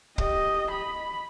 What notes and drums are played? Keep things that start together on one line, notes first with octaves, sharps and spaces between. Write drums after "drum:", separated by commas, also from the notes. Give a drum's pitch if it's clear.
G4 D#5, drum: kick
B5